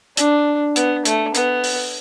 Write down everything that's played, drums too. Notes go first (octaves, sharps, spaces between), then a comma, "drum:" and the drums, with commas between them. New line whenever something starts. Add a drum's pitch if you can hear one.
D4, drum: hi-hat
B3, drum: hi-hat
A3, drum: hi-hat
B3, drum: hi-hat
drum: open hi-hat